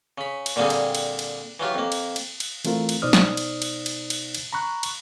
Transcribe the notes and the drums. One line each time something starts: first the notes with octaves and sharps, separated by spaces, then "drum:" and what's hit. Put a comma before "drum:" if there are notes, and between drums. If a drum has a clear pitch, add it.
C#3 B5
drum: cymbal
A#2 D3 G3 A#3 C4 G#4
drum: cymbal
drum: cymbal
drum: cymbal
E3 F#3 F4 G4
F2 A#3
drum: cymbal
drum: cymbal
drum: cymbal
E3 A3 C4 F4 A#4, drum: cymbal
drum: cymbal
B2 D#4 C5 D5 D#6 F6
drum: snare
drum: cymbal
drum: cymbal
drum: cymbal
drum: cymbal
drum: cymbal
A#5 B5 C#6 F#6
drum: cymbal